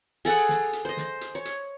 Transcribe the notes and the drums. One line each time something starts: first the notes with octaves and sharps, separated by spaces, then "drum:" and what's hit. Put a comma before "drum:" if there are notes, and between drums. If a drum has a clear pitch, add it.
G#4 A4 F#5, drum: open hi-hat
drum: snare
drum: hi-hat
C5 D#5
drum: snare
drum: hi-hat
C#5
drum: hi-hat